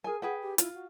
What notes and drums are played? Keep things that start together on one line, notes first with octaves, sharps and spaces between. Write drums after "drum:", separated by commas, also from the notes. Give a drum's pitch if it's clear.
G#4 A#4 G#5
G#4 B4 F#5 G5
G4
E4 F4, drum: hi-hat
F#4